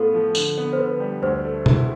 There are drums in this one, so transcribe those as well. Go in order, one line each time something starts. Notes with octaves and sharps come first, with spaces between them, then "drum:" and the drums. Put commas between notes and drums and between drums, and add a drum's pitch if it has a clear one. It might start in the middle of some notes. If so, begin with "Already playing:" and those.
Already playing: A2 B3 F4 A4
F3
D3, drum: tambourine
B3
C5
D3 B4
G3
D2 C5
A3
E4, drum: tom